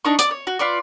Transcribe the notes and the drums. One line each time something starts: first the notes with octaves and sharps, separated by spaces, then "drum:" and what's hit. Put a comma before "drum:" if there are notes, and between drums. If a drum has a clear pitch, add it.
D4 D#4 C#6
D5 D6 D#6, drum: hi-hat
C#5
F#4
F4 B4 D5 C#6